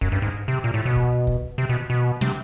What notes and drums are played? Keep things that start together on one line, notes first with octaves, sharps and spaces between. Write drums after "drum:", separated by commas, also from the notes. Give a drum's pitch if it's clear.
F#2, drum: kick
G2
G#2
C3
A#2
A2
B2
drum: kick
drum: kick
C3
B2
B2
C3, drum: snare